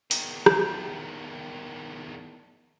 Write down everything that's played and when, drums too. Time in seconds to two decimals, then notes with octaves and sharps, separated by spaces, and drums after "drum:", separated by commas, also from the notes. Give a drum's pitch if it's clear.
0.11 E2 D#3, drum: open hi-hat
0.46 drum: rim click